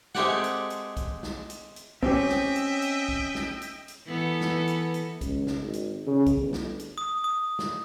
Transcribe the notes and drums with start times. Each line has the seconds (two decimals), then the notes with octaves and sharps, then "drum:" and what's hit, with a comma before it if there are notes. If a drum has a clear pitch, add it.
0.15 G#3 A3 C4 G4 D5 F#5, drum: snare
0.44 drum: hi-hat
0.70 drum: hi-hat
0.97 drum: kick B1, hi-hat
1.23 drum: snare
1.50 drum: hi-hat
1.76 drum: hi-hat
2.03 C4 C#4 G4 D#5 E5 G5, drum: kick B1
2.29 drum: snare
2.56 drum: hi-hat
2.82 drum: hi-hat
3.09 drum: kick B1
3.35 drum: snare
3.62 drum: hi-hat
3.88 drum: hi-hat
4.06 E3 B3 A4
4.41 drum: snare
4.67 drum: hi-hat
4.94 drum: hi-hat
5.21 C#2, drum: kick B1, hi-hat
5.47 drum: snare
5.61 G#1
5.73 drum: hi-hat
6.07 C#3
6.26 drum: kick B1, hi-hat
6.39 G1
6.53 drum: snare
6.79 drum: hi-hat
6.98 D#6
7.24 D#6
7.59 drum: snare